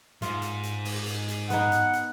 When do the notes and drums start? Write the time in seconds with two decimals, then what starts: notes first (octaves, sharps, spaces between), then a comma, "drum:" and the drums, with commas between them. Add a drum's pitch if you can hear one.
0.22 G#2 F4, drum: hi-hat
0.42 drum: hi-hat
0.63 drum: hi-hat
0.85 drum: open hi-hat
1.07 drum: hi-hat
1.28 drum: hi-hat
1.50 B3 D#4 F#5, drum: hi-hat
1.72 drum: hi-hat
1.93 drum: hi-hat